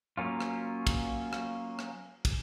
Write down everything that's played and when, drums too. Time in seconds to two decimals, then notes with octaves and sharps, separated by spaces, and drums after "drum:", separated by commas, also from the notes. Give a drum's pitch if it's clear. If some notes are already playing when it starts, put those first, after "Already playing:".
0.17 F#3 A#3 C#4 F4
0.41 drum: rim click
0.87 drum: kick, cymbal
1.33 drum: rim click
1.79 drum: rim click
2.25 drum: kick, cymbal